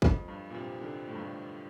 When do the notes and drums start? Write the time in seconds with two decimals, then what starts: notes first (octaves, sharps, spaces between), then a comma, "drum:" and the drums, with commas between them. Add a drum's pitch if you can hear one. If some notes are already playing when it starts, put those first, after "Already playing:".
0.02 F2, drum: kick
0.28 G2
0.50 A#2
0.54 C3
0.81 D3
1.08 A2
1.15 G2
1.22 A2